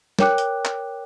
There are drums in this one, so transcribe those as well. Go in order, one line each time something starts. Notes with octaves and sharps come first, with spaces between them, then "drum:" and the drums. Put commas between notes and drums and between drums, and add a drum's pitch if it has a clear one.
A#4 C#5 G5 D6 F#6, drum: snare
drum: hi-hat
drum: clap